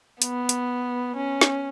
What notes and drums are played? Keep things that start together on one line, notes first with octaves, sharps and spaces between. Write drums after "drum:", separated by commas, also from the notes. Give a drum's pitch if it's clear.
B3, drum: hi-hat
drum: hi-hat
C#4
drum: snare